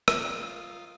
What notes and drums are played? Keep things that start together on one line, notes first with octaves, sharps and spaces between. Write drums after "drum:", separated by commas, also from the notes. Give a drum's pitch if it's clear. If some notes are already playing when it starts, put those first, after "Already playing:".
drum: rim click
F4 A#4 D#5 G5